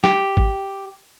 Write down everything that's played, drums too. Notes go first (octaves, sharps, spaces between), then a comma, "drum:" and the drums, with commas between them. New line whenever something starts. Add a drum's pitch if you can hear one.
G4, drum: snare
drum: kick G#1